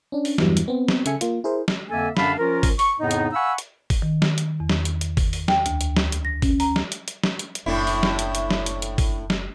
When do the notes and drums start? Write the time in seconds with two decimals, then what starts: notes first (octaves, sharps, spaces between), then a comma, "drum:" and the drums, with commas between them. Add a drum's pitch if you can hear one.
0.12 C#4 D4
0.25 drum: open hi-hat
0.38 E2 G2 E3 F#3 G3, drum: snare
0.57 drum: hi-hat
0.68 B3 C4
0.88 drum: snare
1.06 C#3 A4 E5 G#5 C#7, drum: hi-hat
1.21 A#3 F4, drum: hi-hat
1.44 E4 G#4 A#4 C5
1.68 drum: snare
1.91 F2 D3 A#3 A4 E5 G#5
2.17 F#2 D3 D4 F5 A5 B5, drum: snare
2.39 F3 C#4 F4 A#4
2.63 drum: kick G#1, open hi-hat
2.79 C#6, drum: open hi-hat
3.00 F2 A2 C#3 B3 D#4
3.11 drum: hi-hat
3.34 F5 F#5 G#5 B5 C#6 E6
3.58 drum: hi-hat
3.90 drum: kick G#1, open hi-hat
4.02 D#3
4.22 drum: snare
4.38 drum: hi-hat
4.60 E2
4.70 drum: snare
4.85 drum: hi-hat
5.01 drum: hi-hat
5.17 drum: kick G#1, open hi-hat
5.33 drum: open hi-hat
5.48 G5, drum: snare
5.66 D2, drum: hi-hat
5.81 drum: hi-hat
5.97 drum: snare
6.12 drum: hi-hat
6.25 A#6
6.42 C#4, drum: kick G#1, open hi-hat
6.60 A#5, drum: open hi-hat
6.76 drum: snare
6.92 drum: hi-hat
7.08 drum: hi-hat
7.24 drum: snare
7.39 drum: hi-hat
7.55 drum: hi-hat
7.66 F#1 A2 D4 E4
7.87 drum: open hi-hat
8.03 drum: snare
8.19 drum: hi-hat
8.35 drum: hi-hat
8.51 drum: snare
8.66 drum: hi-hat
8.82 drum: hi-hat
8.98 drum: kick G#1, open hi-hat
9.30 drum: snare